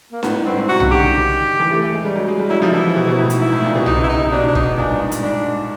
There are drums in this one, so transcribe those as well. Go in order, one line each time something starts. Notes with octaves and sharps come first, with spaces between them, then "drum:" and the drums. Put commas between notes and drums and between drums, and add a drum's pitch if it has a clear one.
A#3
A2 B3, drum: snare D4
G#2
G2 C4
G#2
C3 F#4
C#3, drum: tom B1
D3 G4
D#3
E3
A3
A3
G#3
G3
F#3
G#3
G3
F#3 E4
F3 D#4
E3 E4
B2
B2
A2
G#2, drum: hi-hat
G#2 E4
A2
A#2
B2
C3 D#4, drum: tom B1
C#3
E4
C3 D#4
C3
B2 D4
D4
D#4, drum: kick
A#2 D4
G2
G#2
G2, drum: hi-hat
G#2 D4